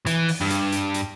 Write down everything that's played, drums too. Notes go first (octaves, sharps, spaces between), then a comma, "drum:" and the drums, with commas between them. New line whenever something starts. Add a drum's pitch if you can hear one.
E3, drum: hi-hat
drum: open hi-hat
G2
drum: hi-hat
drum: hi-hat
drum: hi-hat